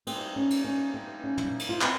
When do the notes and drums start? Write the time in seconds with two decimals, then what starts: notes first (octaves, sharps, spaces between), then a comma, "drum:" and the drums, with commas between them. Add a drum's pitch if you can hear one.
0.07 G2 E3 G3 A#3 C4 D#4, drum: cymbal
0.36 C#4
0.50 drum: cymbal
0.64 C#4
0.94 C4
1.24 C#4
1.37 drum: tom
1.59 drum: cymbal
1.69 F4
1.81 D#3 G#3 C4 F#4, drum: clap